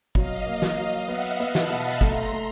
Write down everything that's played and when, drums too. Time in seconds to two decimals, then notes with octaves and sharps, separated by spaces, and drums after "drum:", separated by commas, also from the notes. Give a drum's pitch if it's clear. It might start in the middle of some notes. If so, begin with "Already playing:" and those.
0.15 F#3 D#5 F5, drum: kick
0.46 A#3
0.62 drum: snare
0.77 F#3
1.08 B3 E5 F#5
1.40 B3
1.55 A5 B5, drum: snare
1.70 B2
2.01 A3 A#5 C6, drum: kick
2.32 A3